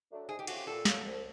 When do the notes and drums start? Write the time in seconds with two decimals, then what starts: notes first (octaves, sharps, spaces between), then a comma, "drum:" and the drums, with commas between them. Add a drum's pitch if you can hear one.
0.11 F#3 A3 D4
0.28 G#2 G#4
0.39 G4
0.47 F3 A3 C#4 F4 F#4, drum: cymbal
0.57 G4
0.67 A#2 A4
0.85 F#3 A#3, drum: snare
1.04 C2